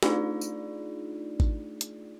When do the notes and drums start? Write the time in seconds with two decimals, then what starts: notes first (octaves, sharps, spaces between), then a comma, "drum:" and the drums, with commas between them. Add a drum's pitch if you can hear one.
0.03 A3 D4 D#4 F4 G#4 D5, drum: snare
0.41 drum: tambourine
1.40 drum: kick G#1
1.81 drum: hi-hat